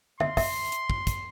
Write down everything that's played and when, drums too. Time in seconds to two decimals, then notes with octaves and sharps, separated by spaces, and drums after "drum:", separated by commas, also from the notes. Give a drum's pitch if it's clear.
0.20 E5 C6, drum: tom D3
0.37 E5, drum: kick, open hi-hat
0.72 drum: hi-hat
0.90 drum: kick
1.07 drum: kick, hi-hat